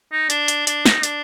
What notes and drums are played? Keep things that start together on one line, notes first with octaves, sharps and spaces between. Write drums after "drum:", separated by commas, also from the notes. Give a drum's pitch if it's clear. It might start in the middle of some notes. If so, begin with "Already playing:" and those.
D#4
D4, drum: hi-hat
drum: hi-hat
D4, drum: hi-hat
D#4, drum: snare
D4, drum: hi-hat